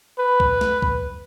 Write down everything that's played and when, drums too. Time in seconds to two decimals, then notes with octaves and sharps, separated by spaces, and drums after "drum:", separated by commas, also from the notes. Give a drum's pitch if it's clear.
0.19 B4
0.40 drum: kick C2
0.61 drum: snare
0.82 drum: kick C2